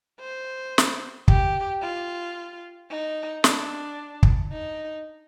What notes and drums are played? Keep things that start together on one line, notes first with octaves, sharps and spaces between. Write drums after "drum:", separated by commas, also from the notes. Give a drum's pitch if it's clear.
C5
drum: snare
G4, drum: kick
F4
D#4
D4, drum: snare
drum: kick
D#4